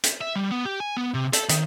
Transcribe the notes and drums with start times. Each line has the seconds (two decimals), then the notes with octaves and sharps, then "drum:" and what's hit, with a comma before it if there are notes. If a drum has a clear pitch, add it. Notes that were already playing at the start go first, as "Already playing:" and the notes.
0.03 drum: hi-hat
0.21 E5
0.35 G3
0.51 B3
0.65 G4
0.80 G#5
0.97 B3
1.14 C3
1.33 A4, drum: hi-hat
1.49 D#3, drum: hi-hat